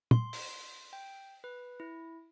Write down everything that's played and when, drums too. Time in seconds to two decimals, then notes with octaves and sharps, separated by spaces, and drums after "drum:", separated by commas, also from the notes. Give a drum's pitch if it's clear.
0.11 C6, drum: tom
0.33 drum: open hi-hat
0.93 G5
1.44 B4
1.80 E4